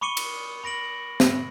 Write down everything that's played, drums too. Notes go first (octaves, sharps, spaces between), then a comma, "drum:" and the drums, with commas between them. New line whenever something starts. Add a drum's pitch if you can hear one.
B5 C#6 D6 C#7 D#7 G7
drum: cymbal
B5 A#6 D7 F#7
drum: snare